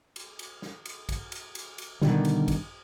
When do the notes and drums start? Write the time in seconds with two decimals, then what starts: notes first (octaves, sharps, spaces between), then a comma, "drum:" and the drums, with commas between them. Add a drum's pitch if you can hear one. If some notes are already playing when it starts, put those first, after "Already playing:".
0.16 drum: cymbal
0.39 drum: cymbal
0.62 drum: snare
0.86 drum: cymbal
1.09 drum: kick, cymbal
1.32 drum: cymbal
1.55 drum: cymbal
1.78 drum: cymbal
2.01 B2 D3 D#3 G3, drum: snare
2.25 drum: cymbal
2.48 drum: kick, cymbal